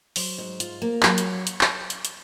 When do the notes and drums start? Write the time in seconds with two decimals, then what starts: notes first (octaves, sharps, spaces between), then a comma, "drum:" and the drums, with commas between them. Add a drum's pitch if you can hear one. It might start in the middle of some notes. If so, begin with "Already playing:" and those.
0.16 F#3 C5, drum: open hi-hat
0.38 G#2
0.60 F4, drum: hi-hat
0.82 A#3
1.03 F#3 C#5, drum: clap
1.18 drum: hi-hat
1.47 drum: hi-hat
1.61 drum: clap
1.90 drum: hi-hat
2.05 drum: hi-hat